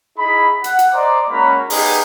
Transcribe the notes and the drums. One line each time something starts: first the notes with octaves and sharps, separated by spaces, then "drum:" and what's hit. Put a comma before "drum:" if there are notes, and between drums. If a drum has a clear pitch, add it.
D#4 E4 G#4 B5
F#5, drum: hi-hat
drum: hi-hat
C5 D5 D#5 A#5 C6 D6
G#3 A#3 C#4 F#4 A#5 B5
B3 D#4 E4 G4 G#4, drum: open hi-hat